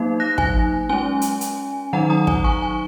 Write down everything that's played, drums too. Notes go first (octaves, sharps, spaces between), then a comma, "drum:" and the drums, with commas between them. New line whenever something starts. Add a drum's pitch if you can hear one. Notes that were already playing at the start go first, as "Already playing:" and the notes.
Already playing: F#3 A#3 D#4
F#6 A#6
G#5, drum: kick
G#3 C#4 G#5
drum: hi-hat
drum: hi-hat
D#3 F#3 D#4 F#5 A#5
A#5 D#6
G#5, drum: kick
G#5 C#6
G#5